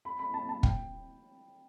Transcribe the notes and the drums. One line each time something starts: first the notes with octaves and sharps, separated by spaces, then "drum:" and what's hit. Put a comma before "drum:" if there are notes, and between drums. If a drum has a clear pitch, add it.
B5
B5
A5
A5
G5, drum: kick